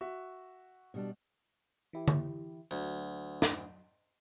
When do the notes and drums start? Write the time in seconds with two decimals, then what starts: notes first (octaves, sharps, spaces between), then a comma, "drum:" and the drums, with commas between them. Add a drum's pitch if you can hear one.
0.01 F#4 E5
0.94 B2 G3 D4
1.93 E3 E4 G4
2.08 drum: tom D3
2.71 D2 F#3
3.42 drum: snare